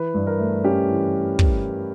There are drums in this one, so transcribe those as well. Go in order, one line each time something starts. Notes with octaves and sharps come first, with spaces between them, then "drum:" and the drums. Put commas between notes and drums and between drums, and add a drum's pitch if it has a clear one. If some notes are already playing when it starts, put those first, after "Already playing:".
Already playing: E3 B4
G2
A#4
A3
C#4 G4
E3
drum: kick